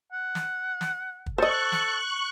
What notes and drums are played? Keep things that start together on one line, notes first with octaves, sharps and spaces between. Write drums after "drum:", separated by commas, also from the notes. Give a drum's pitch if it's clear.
F#5
drum: snare
drum: snare
drum: kick
A4 C5 D#5 C#6 F#6
drum: snare